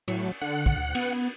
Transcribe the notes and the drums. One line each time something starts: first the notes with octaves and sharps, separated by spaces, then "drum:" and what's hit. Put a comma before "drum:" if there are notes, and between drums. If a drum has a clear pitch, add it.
A2 F#3, drum: cymbal
D3 F#5
drum: kick
D2
B3, drum: cymbal